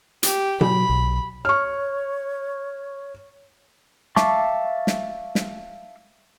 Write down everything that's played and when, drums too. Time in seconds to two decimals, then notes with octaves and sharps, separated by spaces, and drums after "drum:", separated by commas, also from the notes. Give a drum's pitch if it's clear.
0.23 G4, drum: hi-hat
0.61 F#3 B5, drum: tom B2
0.90 B1
1.45 C#5 C#6 F6
4.16 E5 F5 A5 C#6 D6, drum: snare
4.87 drum: snare
5.35 drum: snare